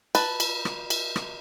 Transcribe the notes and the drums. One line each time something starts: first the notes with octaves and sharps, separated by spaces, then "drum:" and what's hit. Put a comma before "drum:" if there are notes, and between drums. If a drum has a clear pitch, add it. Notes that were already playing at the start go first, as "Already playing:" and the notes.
B4 A5, drum: cymbal
drum: cymbal
drum: rim click
drum: cymbal
drum: rim click